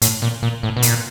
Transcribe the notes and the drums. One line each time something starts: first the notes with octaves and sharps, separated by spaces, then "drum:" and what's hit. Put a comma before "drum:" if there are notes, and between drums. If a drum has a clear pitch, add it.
A2, drum: hi-hat
A#2
A#2
A2
B2
A#2, drum: hi-hat